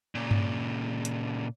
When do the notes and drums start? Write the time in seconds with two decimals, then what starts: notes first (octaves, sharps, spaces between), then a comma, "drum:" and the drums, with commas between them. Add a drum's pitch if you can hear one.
0.15 A#2 C#3
0.31 drum: tom G2
1.05 drum: hi-hat